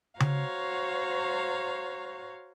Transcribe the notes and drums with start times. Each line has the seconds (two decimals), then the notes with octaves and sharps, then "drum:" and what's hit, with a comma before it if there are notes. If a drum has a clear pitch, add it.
0.20 F#4 C5 C#5 F5 A#5, drum: tom C#3